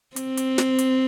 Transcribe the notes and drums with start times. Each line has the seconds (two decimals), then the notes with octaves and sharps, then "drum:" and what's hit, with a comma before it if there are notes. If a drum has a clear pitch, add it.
0.16 C4, drum: hi-hat
0.37 drum: hi-hat
0.58 drum: snare
0.79 drum: hi-hat